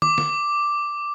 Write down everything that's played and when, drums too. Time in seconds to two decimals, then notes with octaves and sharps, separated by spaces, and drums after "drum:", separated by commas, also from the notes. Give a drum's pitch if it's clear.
0.02 D6, drum: tom
0.18 drum: snare